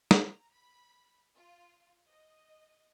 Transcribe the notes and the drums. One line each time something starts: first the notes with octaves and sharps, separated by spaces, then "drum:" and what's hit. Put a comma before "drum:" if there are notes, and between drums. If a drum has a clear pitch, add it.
drum: snare
A#5
B5
F4
D#5